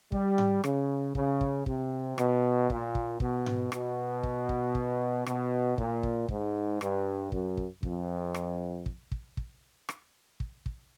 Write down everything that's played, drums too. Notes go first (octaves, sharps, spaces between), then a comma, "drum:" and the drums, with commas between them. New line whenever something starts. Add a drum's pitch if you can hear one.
G3, drum: kick
drum: tom G#2
C#3, drum: rim click
C#3, drum: kick
drum: kick
C3, drum: kick
B2, drum: rim click
A#2, drum: kick
drum: kick
B2, drum: kick
drum: tom G#2
B2, drum: rim click
drum: kick
drum: kick
drum: kick
B2, drum: rim click
A#2, drum: kick
drum: kick
G#2, drum: kick
G2, drum: rim click
F#2, drum: kick
drum: kick
F2, drum: kick
drum: rim click
drum: kick
drum: kick
drum: kick
drum: rim click
drum: kick
drum: kick